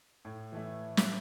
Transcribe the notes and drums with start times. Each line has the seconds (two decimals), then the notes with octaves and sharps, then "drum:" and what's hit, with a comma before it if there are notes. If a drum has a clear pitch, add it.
0.25 A2
0.52 E3 A3 E4
0.97 drum: snare